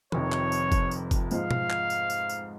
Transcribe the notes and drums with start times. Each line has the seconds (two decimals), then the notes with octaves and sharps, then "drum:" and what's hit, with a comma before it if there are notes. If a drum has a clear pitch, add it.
0.12 F1 F2 C3 D#3 C#5, drum: tom E3
0.32 drum: clap
0.52 drum: tambourine
0.72 drum: kick F#1, tambourine
0.91 drum: tambourine
1.11 drum: kick F#1, tambourine
1.31 G#2 F3 G#3 F5, drum: tambourine
1.51 drum: tom B2
1.70 drum: clap
1.90 drum: tambourine
2.10 drum: tambourine
2.29 drum: tambourine